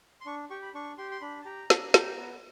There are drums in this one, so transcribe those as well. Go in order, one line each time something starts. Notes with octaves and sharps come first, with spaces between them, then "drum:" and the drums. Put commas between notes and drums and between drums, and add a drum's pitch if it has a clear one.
C6
D4 C#6
G4 C#6
B5
D4 C#6
G4 C6
C6
D4 B5
A5
G4 A#5
D4, drum: snare
G4, drum: snare
B3